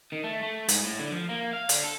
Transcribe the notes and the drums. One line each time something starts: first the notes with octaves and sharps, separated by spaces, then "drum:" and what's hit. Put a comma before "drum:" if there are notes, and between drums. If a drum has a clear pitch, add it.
D#3
A3
A3
G#2, drum: hi-hat
A2
D3
F3
A#3
F5
D3, drum: hi-hat
A4